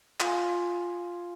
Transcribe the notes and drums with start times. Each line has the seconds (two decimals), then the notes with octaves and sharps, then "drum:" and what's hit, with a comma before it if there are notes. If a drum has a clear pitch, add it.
0.20 F4 G#5, drum: clap